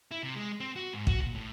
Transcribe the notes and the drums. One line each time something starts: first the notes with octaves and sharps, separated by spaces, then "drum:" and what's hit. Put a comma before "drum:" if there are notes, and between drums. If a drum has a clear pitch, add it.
E4
C3
G#3
C4
F#4
G#2
F#4, drum: kick
A#2
A2